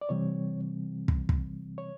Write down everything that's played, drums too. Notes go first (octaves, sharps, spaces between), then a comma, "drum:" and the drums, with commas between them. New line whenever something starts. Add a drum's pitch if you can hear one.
D5
C3 E3 G3 C4 C#5
drum: kick
drum: kick
C#5